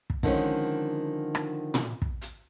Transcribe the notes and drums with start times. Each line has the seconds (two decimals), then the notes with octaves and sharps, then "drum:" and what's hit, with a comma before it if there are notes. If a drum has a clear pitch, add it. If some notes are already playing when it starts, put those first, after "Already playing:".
0.10 drum: kick
0.23 D3 D#3 F3 G#3 C#4, drum: kick
1.35 drum: rim click
1.74 drum: tom
2.02 drum: kick
2.22 drum: hi-hat